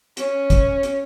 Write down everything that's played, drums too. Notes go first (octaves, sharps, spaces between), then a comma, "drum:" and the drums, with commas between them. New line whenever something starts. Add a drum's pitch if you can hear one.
C#4, drum: hi-hat
drum: kick, hi-hat
drum: hi-hat